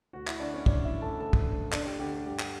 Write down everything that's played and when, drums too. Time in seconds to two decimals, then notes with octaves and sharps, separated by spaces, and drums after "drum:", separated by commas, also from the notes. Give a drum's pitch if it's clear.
0.13 D2 F#4 F#5
0.27 E4 E5, drum: clap
0.40 D3 D4 D5
0.54 C#4 C#5
0.66 D2 D4 D5, drum: kick
0.85 E4 E5
0.93 D3
1.02 A4 A5
1.20 D2 A4 A5
1.33 drum: kick
1.47 D3
1.72 D2 D4 D5, drum: clap
1.86 G4
1.99 D3 G4
2.13 G4
2.26 G2 G4
2.39 drum: clap